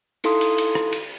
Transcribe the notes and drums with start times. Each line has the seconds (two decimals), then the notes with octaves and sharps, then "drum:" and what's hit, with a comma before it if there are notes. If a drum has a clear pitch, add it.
0.24 D#4 E4 A4 F5 C6 D#6, drum: cymbal
0.41 drum: cymbal
0.58 drum: cymbal
0.75 drum: rim click
0.92 drum: cymbal